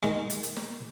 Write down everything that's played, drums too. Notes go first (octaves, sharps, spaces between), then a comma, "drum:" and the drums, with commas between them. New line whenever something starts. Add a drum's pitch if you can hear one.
D#3 G#3, drum: snare
drum: hi-hat
drum: hi-hat
drum: snare